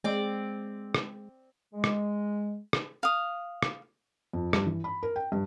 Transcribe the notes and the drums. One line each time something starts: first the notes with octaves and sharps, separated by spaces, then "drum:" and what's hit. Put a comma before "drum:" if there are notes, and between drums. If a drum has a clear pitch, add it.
G#3 C4 D5
drum: rim click
G#3
drum: rim click
drum: rim click
F5 D#6
drum: rim click
F2
G2, drum: rim click
E3
B5
A#4
G5
G2